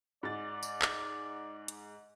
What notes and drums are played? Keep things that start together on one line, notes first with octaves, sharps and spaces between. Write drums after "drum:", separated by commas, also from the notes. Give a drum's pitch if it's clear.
G#2 D5 A6
drum: tambourine
drum: clap
drum: hi-hat